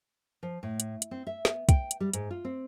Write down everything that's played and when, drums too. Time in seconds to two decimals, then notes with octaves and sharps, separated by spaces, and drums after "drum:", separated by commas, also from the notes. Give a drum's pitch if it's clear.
0.43 F3
0.63 A2
0.80 drum: hi-hat
1.02 drum: hi-hat
1.11 C4
1.27 E5
1.45 B3, drum: snare
1.69 G5, drum: kick, hi-hat
1.91 drum: hi-hat
2.00 G3
2.13 G#2, drum: hi-hat
2.31 F4
2.45 C4